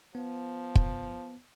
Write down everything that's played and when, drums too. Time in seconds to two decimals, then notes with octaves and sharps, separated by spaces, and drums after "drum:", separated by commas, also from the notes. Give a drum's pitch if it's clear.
0.15 F3 B3
0.75 drum: kick